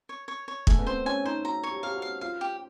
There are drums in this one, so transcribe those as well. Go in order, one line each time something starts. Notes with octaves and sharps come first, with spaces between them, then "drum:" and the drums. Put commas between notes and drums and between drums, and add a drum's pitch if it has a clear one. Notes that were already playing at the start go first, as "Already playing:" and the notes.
C#5
C#5
C#5
A3 G#5, drum: kick
B3
C4 C5
C#4 G#5
D#4 C5
F#4 A#5
C#5
G4
G4 F5
F#4
F5
F4 F5
G4